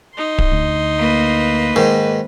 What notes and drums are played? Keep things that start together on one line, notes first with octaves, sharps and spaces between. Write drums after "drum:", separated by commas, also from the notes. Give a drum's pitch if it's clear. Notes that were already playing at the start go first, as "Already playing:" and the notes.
D#4 C6
drum: kick D1
D2
A#3 B4
G#2 D#3